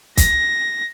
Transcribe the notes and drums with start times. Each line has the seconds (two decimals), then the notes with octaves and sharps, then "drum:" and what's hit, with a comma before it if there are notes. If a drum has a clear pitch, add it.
0.17 A#6, drum: kick, hi-hat